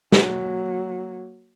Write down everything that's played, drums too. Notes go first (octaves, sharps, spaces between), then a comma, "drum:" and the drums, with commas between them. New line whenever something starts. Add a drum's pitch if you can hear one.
F#3 A#3, drum: snare